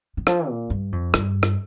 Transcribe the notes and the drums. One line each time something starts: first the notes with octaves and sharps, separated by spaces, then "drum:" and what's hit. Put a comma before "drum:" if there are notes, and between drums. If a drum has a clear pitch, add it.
D#3
F3, drum: rim click
A#2
G2
F2
G2, drum: rim click
drum: rim click